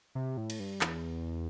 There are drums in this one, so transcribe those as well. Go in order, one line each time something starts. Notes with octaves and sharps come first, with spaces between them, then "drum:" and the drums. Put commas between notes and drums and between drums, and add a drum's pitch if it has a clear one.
C3
A2
drum: cymbal
G2
E2, drum: clap